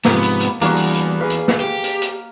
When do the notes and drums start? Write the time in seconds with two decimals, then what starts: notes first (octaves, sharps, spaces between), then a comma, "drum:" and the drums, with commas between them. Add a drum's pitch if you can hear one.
0.05 G#2 C3 F3 A#3 B3, drum: snare
0.23 drum: hi-hat
0.41 drum: hi-hat
0.61 E2 E3 G3 A#3 D4 F#4, drum: hi-hat
0.76 drum: open hi-hat
0.94 drum: hi-hat
1.21 G#4 B4 F5
1.30 drum: hi-hat
1.48 drum: snare
1.60 G4
1.84 drum: hi-hat
2.02 drum: hi-hat